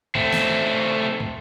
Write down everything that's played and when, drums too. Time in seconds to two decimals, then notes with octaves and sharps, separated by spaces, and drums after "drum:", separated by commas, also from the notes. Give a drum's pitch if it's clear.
0.15 A3 C4, drum: kick
0.32 drum: snare
1.20 drum: kick